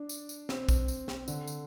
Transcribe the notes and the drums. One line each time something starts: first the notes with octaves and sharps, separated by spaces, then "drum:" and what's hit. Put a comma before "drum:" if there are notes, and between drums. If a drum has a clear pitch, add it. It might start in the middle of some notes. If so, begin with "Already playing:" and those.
Already playing: D4
drum: tambourine
drum: tambourine
C4, drum: snare
drum: kick A#1, tambourine
drum: tambourine
drum: snare
D3, drum: tambourine
drum: tambourine